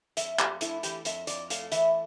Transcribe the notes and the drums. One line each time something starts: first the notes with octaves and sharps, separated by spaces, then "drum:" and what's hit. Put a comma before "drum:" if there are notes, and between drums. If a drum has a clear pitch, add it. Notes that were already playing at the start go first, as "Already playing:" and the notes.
F2 E5, drum: hi-hat
F2 G4, drum: clap
A3 E4, drum: hi-hat
E3 G4, drum: hi-hat
F2 E5, drum: hi-hat
F2 D5, drum: hi-hat
A3 F5, drum: hi-hat
E3 E5, drum: hi-hat